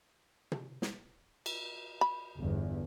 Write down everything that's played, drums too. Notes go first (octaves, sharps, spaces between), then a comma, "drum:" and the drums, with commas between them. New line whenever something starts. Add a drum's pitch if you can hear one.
drum: tom
drum: snare
drum: cymbal
B5
G1 E2